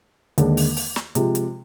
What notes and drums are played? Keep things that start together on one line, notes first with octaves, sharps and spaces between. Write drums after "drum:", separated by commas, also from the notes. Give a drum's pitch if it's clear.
D#2 D3 G#3, drum: hi-hat
drum: open hi-hat
drum: open hi-hat
drum: snare
C3 F3 G#3, drum: hi-hat
drum: hi-hat